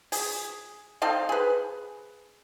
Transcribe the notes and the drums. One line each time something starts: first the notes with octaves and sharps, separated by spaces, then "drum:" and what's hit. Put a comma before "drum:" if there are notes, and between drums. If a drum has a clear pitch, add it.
G#4, drum: open hi-hat
C4 D#4 A4 F5
G#4 B4